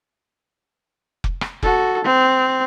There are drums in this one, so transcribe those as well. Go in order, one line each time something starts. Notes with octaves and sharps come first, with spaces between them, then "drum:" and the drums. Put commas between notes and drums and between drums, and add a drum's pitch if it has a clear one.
drum: kick F1
drum: rim click
F#4 A4, drum: kick F1
C4